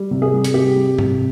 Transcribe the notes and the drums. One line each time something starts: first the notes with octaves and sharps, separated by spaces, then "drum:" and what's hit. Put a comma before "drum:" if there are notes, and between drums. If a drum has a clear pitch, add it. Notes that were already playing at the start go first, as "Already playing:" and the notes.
Already playing: G3
C3
G#4
G3
drum: hi-hat
C3 G4
G3
C3, drum: tom G#2